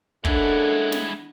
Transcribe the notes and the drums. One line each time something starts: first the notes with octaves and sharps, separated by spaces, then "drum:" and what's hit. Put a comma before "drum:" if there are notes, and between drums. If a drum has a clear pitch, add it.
G#3 A#3 C#4 D4 E4 A4 F#5, drum: kick
drum: snare